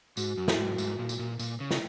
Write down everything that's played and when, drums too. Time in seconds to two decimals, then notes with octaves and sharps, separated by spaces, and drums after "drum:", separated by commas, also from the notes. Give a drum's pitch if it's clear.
0.17 G#2 F#4, drum: tambourine
0.38 F#2
0.48 drum: snare
0.58 G#2
0.78 G#2, drum: tambourine
0.99 A#2
1.09 drum: tambourine
1.19 A#2
1.39 A#2, drum: tambourine
1.60 C#3
1.71 drum: snare